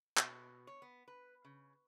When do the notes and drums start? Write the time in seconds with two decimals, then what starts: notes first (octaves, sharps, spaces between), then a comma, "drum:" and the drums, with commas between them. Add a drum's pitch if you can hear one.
0.17 B2, drum: clap
0.67 C#5
0.82 B3
1.08 B4
1.45 C#3